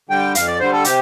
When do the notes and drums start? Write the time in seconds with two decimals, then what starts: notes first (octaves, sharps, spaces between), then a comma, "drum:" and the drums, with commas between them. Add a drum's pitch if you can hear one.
0.09 D3 G3 G5
0.35 F2 F5, drum: hi-hat
0.47 D5
0.60 D3 G3 C5
0.72 A4
0.84 C3 G4, drum: hi-hat